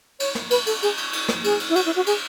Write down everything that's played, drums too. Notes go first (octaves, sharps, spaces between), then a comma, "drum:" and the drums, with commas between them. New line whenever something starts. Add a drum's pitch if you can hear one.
C#5, drum: cymbal
drum: snare
B4, drum: cymbal
A4, drum: cymbal
G#4, drum: cymbal
drum: cymbal
drum: cymbal
drum: snare
G#4, drum: cymbal
drum: cymbal
E4
F#4, drum: cymbal
E4
F#4
G#4, drum: cymbal